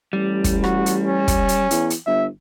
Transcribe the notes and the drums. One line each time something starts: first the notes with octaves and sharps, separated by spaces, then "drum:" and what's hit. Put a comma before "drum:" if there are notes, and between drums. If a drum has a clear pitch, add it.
A1 G3
drum: kick, hi-hat
F#4, drum: rim click
drum: hi-hat
C#4
drum: kick, hi-hat
drum: hi-hat
E2, drum: hi-hat
drum: hi-hat
G1 E5